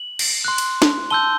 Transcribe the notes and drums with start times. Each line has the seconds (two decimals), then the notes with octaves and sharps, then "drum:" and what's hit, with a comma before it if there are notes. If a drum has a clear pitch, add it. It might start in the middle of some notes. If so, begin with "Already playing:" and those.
Already playing: F#7
0.19 drum: cymbal
0.44 C6 F#6
0.58 drum: cymbal
0.82 drum: snare
1.10 A5 C6 E6 G6 G7